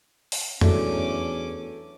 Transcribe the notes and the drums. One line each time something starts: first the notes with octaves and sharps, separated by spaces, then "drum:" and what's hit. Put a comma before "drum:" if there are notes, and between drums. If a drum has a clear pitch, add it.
drum: open hi-hat
E2 F#3 A3 C#4 D4 D6, drum: tom F2